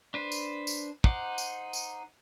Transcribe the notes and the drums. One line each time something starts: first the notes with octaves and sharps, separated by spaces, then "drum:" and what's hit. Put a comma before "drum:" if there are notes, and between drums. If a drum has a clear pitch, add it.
D4 B4 C5
drum: tambourine
drum: tambourine
D#4 C5 F#5 D6, drum: kick
drum: tambourine
drum: tambourine